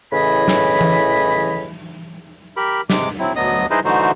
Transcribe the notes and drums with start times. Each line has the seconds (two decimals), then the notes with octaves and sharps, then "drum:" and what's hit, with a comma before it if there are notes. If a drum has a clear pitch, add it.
0.12 A2 C#3 E3 D#5 G#5 B5
0.48 drum: snare
0.63 drum: open hi-hat
0.81 drum: tom E3
2.57 G4 A#4 B5
2.90 C3 G#3 D6, drum: snare
3.19 F#3 C4 E4
3.36 D2 F#3 B3 D#5 D#6
3.70 D#4 E4 G#4 B4 C5 D#5
3.85 D3 E3 A3 D#4 F#4 C5